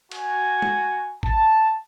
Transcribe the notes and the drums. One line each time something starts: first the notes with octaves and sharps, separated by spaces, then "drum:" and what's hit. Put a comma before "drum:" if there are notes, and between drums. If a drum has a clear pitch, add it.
F#4 G#5, drum: cymbal
drum: tom G#3
A5, drum: kick G#1